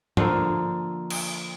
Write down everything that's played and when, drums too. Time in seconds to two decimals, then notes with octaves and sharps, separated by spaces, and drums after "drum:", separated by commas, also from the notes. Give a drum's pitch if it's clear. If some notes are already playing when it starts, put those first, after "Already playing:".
0.17 D3 F3 A3 A#3, drum: tom
1.10 drum: cymbal